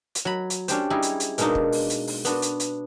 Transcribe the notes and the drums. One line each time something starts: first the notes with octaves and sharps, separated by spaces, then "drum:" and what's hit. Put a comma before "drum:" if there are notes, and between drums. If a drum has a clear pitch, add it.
drum: hi-hat
F#3 B5
drum: hi-hat
C#4 D4 G4 C5, drum: hi-hat
G3 D#4 E4 G#4
drum: hi-hat
drum: hi-hat
B2 G#3 A#3 D4 D#4, drum: hi-hat
drum: kick
drum: open hi-hat
drum: hi-hat
drum: open hi-hat
B3 D4 F#4, drum: hi-hat
drum: hi-hat
drum: hi-hat